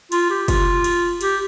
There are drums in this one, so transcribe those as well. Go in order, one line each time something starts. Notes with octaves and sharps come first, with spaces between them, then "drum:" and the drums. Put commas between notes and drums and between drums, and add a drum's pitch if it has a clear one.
F4, drum: cymbal
G4
F4, drum: kick, cymbal
drum: cymbal
G4, drum: cymbal